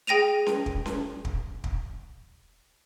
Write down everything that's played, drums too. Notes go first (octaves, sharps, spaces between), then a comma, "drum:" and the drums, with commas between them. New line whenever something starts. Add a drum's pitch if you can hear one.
G#4 G5 A#6 D#7 F7
drum: snare C#4
drum: kick
drum: snare C#4
drum: kick
drum: kick